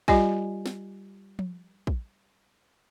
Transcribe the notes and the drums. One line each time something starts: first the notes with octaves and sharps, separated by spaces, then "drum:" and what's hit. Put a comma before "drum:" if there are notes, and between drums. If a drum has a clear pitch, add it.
G3 F4 G4 D#5 G#5, drum: kick
drum: snare
drum: tom F3
drum: kick